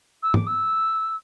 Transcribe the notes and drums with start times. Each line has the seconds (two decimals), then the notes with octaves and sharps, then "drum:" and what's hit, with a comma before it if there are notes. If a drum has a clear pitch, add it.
0.23 E6
0.34 D6, drum: tom
0.47 E6